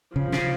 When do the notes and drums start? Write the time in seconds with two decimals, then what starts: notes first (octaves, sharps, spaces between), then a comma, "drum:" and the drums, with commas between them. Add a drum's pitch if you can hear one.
0.16 C#3 F3
0.32 C#3, drum: snare